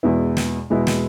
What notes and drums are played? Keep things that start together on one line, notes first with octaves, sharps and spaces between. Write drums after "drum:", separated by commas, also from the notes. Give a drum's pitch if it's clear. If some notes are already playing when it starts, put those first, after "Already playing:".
E2 B2 G#3 B3 E4
drum: snare
E2 B2 G#3 B3 E4
drum: snare